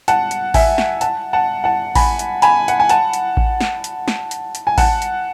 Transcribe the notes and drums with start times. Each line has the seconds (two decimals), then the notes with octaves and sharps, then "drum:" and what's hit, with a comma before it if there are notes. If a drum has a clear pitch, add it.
0.08 F#5 A5, drum: hi-hat
0.31 drum: hi-hat
0.54 E5 G#5, drum: kick A1, open hi-hat
0.78 drum: snare
1.01 F#5 A5, drum: hi-hat
1.33 F#5 A5
1.64 F#5 A5
1.95 G#5 B5, drum: kick A1, open hi-hat
2.19 drum: hi-hat
2.42 G#5 B5, drum: hi-hat
2.68 F#5, drum: hi-hat
2.80 G#5
2.89 F#5 A5, drum: hi-hat
3.13 drum: hi-hat
3.37 drum: kick A1
3.61 drum: snare
3.84 drum: hi-hat
4.08 drum: snare
4.31 drum: hi-hat
4.55 drum: hi-hat
4.67 G#5
4.78 F#5 A5, drum: kick A1, open hi-hat
5.02 drum: hi-hat